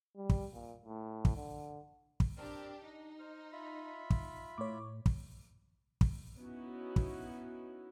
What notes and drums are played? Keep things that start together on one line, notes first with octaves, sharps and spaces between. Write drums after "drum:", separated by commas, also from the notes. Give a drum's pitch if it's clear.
G3
drum: kick
A#2
A2
drum: kick
D3
drum: kick
C4 D4 G4 A#4
D4 D#4
C5 F6
F4 E5 B5
drum: kick
A2 C#5 D6
drum: kick
drum: kick
B3 C#4 D#4 E4 F#4
drum: kick